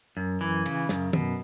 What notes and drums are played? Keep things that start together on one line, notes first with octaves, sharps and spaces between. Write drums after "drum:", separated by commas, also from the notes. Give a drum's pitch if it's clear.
F#2
E3
C#3, drum: cymbal
F#2, drum: snare
B2, drum: tom